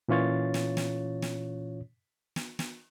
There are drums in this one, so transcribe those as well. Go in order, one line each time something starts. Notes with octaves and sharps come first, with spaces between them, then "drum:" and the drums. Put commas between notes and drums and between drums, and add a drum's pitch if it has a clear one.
A#2 E3 C#4 F4 C#5 A6
drum: snare
drum: snare
drum: snare
drum: snare
drum: snare